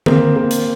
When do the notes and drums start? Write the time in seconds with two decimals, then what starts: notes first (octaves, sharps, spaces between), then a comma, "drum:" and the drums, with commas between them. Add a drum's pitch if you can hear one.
0.06 A#3 C4, drum: tom D3
0.36 A#3
0.51 drum: hi-hat